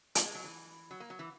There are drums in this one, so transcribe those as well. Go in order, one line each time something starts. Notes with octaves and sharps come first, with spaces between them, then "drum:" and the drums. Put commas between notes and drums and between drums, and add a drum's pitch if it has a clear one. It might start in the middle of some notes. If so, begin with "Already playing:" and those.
A#3, drum: hi-hat
G#3
F#3
E3
F#3
A#3
F#3
E3